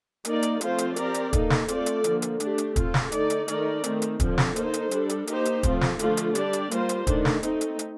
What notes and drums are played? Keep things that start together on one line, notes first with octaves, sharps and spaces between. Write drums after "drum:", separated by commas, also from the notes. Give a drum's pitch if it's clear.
A#3 D#4 A#4 D5, drum: hi-hat
drum: hi-hat
F3 A3 C4 F4 C5, drum: hi-hat
drum: hi-hat
C4 G4 A#4 D5, drum: hi-hat
drum: hi-hat
A#3 D#4 A4, drum: kick, hi-hat
drum: snare
A3 C4 F4 A4 D5, drum: hi-hat
drum: hi-hat
D3 F3 A#3, drum: hi-hat
drum: hi-hat
A3 D4 G4, drum: hi-hat
drum: hi-hat
C4 F4 A4, drum: kick, hi-hat
drum: snare
D3 A3 D#4 A4 D5, drum: hi-hat
drum: hi-hat
D#3 A3 D#4 A#4 D5, drum: hi-hat
D#3 A3 C4, drum: hi-hat
drum: hi-hat
D3 F3 C4, drum: kick, hi-hat
drum: snare
A#3 D#4 A4 C5, drum: hi-hat
drum: hi-hat
G3 D4 A4, drum: hi-hat
drum: hi-hat
A#3 D#4 G4 C5, drum: hi-hat
drum: hi-hat
F3 A3 C4 F4, drum: kick, hi-hat
drum: snare
D3 F3 A3 D4 F4, drum: hi-hat
drum: hi-hat
G3 D4 G4 D5, drum: hi-hat
drum: hi-hat
G3 A#3 F4 C5, drum: hi-hat
drum: hi-hat
D#3 A3 D4, drum: kick, hi-hat
drum: snare
A3 C4 D#4, drum: hi-hat
drum: hi-hat
drum: hi-hat